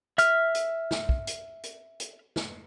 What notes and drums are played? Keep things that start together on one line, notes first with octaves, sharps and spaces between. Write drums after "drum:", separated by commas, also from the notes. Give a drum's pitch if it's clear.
E5 F6, drum: hi-hat
drum: hi-hat
drum: snare
drum: kick
drum: hi-hat
drum: hi-hat
drum: hi-hat
drum: snare